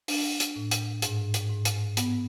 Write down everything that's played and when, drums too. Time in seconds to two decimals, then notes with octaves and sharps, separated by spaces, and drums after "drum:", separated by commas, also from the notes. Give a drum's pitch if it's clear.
0.08 D4, drum: open hi-hat
0.40 drum: hi-hat
0.56 A2
0.71 drum: hi-hat
1.02 G#2, drum: hi-hat
1.34 drum: hi-hat
1.49 G#2
1.65 drum: hi-hat
1.97 B3, drum: hi-hat